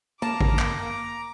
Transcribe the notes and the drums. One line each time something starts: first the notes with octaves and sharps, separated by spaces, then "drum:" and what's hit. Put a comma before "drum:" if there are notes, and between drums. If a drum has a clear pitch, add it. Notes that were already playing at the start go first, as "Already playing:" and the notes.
A#3 A5 A#5 D6
drum: kick A1
drum: clap